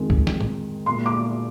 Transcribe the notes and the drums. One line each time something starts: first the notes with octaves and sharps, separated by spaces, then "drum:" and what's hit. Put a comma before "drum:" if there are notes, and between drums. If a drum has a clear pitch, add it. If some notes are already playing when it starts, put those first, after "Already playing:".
Already playing: F2 D#3 G#3
drum: kick
drum: snare
drum: tom A2
A#2 G#3 C6
D6